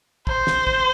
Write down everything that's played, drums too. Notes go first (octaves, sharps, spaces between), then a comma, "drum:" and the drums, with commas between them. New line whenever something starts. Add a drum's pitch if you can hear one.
C5, drum: kick
drum: snare
drum: kick